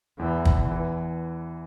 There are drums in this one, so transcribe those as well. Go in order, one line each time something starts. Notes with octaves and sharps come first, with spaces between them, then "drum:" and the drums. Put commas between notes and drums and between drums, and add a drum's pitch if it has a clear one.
E2 E3
E2, drum: kick
E3